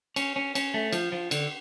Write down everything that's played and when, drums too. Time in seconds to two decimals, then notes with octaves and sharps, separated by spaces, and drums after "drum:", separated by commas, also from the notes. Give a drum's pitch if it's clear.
0.16 C#4, drum: cymbal
0.36 C#4
0.55 C#4, drum: cymbal
0.74 A3
0.93 F3, drum: cymbal
1.12 F3
1.31 D3, drum: cymbal